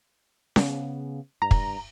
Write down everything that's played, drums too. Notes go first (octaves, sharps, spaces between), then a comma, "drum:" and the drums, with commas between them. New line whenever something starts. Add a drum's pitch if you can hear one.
C#3 B3, drum: snare C#4
G2 A#5
drum: kick